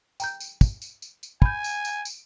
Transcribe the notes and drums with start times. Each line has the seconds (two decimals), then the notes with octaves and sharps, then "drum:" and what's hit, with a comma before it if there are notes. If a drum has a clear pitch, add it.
0.20 G5 A#5 G6, drum: tambourine
0.40 drum: tambourine
0.61 drum: kick, tambourine
0.82 drum: tambourine
1.02 drum: tambourine
1.23 drum: tambourine
1.42 G#5 B5 G6, drum: kick
1.64 drum: tambourine
1.85 drum: tambourine
2.05 drum: tambourine